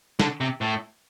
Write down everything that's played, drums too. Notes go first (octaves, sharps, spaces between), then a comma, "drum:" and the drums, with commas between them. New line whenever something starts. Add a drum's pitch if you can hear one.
D3, drum: snare
C3
A2